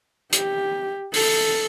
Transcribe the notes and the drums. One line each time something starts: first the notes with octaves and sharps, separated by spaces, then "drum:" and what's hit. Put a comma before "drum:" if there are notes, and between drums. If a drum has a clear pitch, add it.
G4, drum: hi-hat
A4, drum: open hi-hat